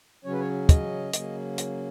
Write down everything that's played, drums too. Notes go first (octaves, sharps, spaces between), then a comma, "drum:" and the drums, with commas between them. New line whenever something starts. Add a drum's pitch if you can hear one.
C#3 F#3 C#4 C#5
B4
C#5
D#5, drum: kick, hi-hat
C#3 F#3 A#3 C#4, drum: hi-hat
drum: hi-hat